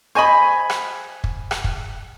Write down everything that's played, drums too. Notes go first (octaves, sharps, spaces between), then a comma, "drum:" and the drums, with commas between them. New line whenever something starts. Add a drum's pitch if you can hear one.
C5 D#5 G#5 B5 C#6
drum: rim click
drum: kick
drum: rim click
drum: kick